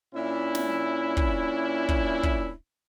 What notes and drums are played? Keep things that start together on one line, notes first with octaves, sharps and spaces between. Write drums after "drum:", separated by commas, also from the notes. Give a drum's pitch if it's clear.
A#2 C#4 D4 E4
drum: snare
drum: kick
drum: kick
drum: kick